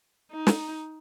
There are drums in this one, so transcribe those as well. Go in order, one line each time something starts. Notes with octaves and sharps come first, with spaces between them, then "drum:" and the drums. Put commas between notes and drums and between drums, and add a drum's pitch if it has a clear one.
D#4
drum: snare